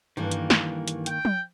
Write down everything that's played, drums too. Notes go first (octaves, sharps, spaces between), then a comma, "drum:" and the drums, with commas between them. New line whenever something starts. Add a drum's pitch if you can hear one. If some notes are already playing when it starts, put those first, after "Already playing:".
G2 D#3 E3 A#3 A4
drum: hi-hat
drum: snare
drum: hi-hat
G5, drum: hi-hat
drum: tom